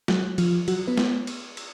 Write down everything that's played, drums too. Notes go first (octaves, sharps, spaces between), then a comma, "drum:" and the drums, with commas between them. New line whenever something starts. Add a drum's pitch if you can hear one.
F#3 F#4, drum: snare
F3 F4, drum: cymbal
F#3 F#4, drum: cymbal
B3 B4
drum: snare
drum: cymbal
drum: cymbal